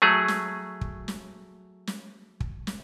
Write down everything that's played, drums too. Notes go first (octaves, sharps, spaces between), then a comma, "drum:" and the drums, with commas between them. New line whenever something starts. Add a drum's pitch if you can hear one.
F#3 A3 G#4
drum: snare
drum: kick
drum: snare
drum: snare
drum: kick
drum: snare